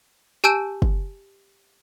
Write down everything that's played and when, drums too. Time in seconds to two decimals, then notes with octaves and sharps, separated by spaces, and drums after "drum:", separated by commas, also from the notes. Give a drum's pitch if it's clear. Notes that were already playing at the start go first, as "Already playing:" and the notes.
0.44 G4 G#5 A5 E6 G6 D7
0.82 drum: kick